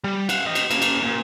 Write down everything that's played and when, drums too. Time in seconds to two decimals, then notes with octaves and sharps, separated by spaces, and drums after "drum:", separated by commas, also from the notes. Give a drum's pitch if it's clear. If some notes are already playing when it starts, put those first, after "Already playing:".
0.04 G3
0.29 F5 F#5, drum: cymbal
0.46 G4 D#5
0.55 drum: cymbal
0.71 C#3 A#3, drum: cymbal
0.82 drum: cymbal
1.02 D#2 A#2